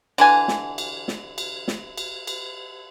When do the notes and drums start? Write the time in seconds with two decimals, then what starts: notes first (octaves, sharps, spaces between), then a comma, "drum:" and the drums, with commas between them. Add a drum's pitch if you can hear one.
0.18 D3 E3 G#5, drum: cymbal
0.48 drum: snare
0.78 drum: cymbal
1.08 drum: snare
1.38 drum: cymbal
1.68 drum: snare
1.98 drum: cymbal
2.27 drum: cymbal